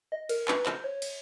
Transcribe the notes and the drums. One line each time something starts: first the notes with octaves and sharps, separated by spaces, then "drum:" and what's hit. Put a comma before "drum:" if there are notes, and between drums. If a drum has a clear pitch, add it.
D#5
A#4, drum: cymbal
B4, drum: clap
C5, drum: clap
C#5
drum: cymbal